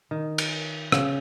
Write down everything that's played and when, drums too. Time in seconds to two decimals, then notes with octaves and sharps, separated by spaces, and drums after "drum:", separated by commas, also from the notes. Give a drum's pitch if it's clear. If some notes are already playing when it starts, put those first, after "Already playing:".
0.11 D#3
0.38 drum: cymbal
0.92 C#3, drum: rim click